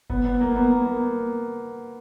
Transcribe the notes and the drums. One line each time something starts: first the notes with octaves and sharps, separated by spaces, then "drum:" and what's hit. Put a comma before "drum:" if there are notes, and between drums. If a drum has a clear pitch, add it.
B3, drum: kick F#1
B3
A#3
B3
A#3
A#3